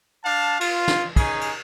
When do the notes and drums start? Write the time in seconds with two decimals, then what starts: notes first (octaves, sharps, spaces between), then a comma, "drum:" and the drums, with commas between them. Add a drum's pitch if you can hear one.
0.25 D4 F5 A5
0.61 F4, drum: cymbal
0.88 drum: snare
1.16 C#4 D#4 G#4, drum: kick, cymbal
1.41 drum: cymbal